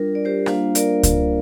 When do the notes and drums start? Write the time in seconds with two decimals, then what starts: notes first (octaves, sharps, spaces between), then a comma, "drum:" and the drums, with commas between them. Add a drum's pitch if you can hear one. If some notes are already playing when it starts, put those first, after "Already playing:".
Already playing: G3 D4 F4 A#4
0.15 D5
0.25 G4 C5
0.46 G3 A#3 D4 F4 C5 F5, drum: rim click
0.75 A#4 D5, drum: hi-hat
1.03 drum: kick C#2, hi-hat